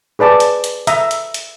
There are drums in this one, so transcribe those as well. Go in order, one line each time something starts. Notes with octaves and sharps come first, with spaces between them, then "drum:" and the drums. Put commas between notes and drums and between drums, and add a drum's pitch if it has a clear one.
G#4 B4 D5 A5 D6
drum: hi-hat
drum: hi-hat
E5 A#5 D#6, drum: hi-hat
drum: hi-hat
drum: hi-hat